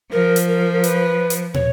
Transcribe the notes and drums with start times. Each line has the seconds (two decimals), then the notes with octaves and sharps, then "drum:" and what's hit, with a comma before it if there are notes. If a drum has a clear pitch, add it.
0.12 F3 A#4
0.36 drum: hi-hat
0.48 A#4
0.73 A#4
0.84 B4, drum: hi-hat
1.30 drum: hi-hat
1.54 C#5, drum: tom